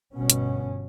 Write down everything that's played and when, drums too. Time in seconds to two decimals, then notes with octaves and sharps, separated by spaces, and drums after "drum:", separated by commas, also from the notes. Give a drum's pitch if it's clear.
0.16 G1 G2 B2 C#4
0.30 drum: hi-hat